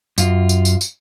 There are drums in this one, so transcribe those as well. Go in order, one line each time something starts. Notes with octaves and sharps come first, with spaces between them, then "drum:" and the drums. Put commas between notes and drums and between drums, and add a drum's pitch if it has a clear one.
F#2 F4, drum: tambourine
drum: tambourine
drum: tambourine
drum: tambourine